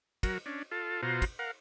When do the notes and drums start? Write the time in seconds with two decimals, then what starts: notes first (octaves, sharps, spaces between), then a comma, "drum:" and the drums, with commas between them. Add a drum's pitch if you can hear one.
0.23 F#3 F#4 A#4, drum: kick, cymbal
0.46 C#4 D4
0.71 F4 A4
1.03 B2 F4 F#4 C5 A#5
1.22 drum: kick, cymbal
1.39 A#4 F5 F#5